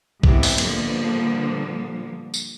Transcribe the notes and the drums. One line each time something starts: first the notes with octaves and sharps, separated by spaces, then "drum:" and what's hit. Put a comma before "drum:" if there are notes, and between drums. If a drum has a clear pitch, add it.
G#2 C3 E3 B3 E4, drum: kick B1
drum: open hi-hat
A#2 D3 F3 G3 A#3 B3, drum: cymbal
drum: tambourine